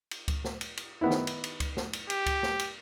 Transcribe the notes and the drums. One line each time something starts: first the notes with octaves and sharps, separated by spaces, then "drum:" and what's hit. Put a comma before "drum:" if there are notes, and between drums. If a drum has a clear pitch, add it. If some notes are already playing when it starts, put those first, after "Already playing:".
drum: cymbal
drum: kick C#2, cymbal
drum: snare
drum: cymbal
drum: cymbal
D#3 B3 E4
drum: snare
drum: cymbal
drum: cymbal
drum: kick C#2, cymbal
drum: snare
drum: cymbal
G4, drum: cymbal
drum: kick C#2, cymbal
drum: snare
drum: cymbal